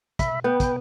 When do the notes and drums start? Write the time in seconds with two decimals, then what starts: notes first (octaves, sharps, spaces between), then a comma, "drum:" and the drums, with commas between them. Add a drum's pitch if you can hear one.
0.19 E5 B5, drum: kick, hi-hat
0.44 B3 B4 G5
0.60 drum: kick, hi-hat